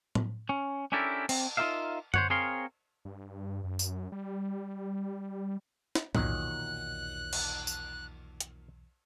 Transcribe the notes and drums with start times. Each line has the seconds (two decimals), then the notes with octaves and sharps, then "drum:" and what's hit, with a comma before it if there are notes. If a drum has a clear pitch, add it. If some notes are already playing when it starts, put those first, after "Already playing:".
0.15 drum: tom A2
0.49 C#4
0.92 C#4 D4 E4 G4 A4 A#4
1.29 C4, drum: cymbal
1.57 D#4 F4 G4 A#4 E5 F5
2.14 C5 C#5 F#5, drum: tom F#2
2.30 C4 G#4 A#4 C#5 F5 C6
3.05 G2
3.64 F#2
3.79 drum: tambourine
4.12 G3
5.95 drum: snare
6.15 B1 E2 A#2 D#3 F#3 F#6, drum: tom A2
7.33 drum: cymbal
7.67 drum: tambourine
8.40 drum: hi-hat